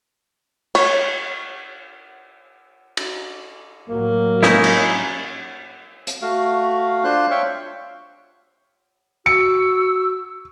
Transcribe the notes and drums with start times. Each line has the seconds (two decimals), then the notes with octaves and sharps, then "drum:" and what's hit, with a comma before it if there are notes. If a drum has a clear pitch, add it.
0.75 C#5, drum: cymbal
2.97 drum: cymbal
3.88 A2 F#3 A#3
4.43 C#4 D#4 E4, drum: snare
4.64 drum: cymbal
6.07 drum: hi-hat
6.22 A3 F#4 F5
7.04 D4 F4 C5 C6 F#6
7.31 C#5 E5 F5 G5 C6 C#6
9.26 F#4 E6 C#7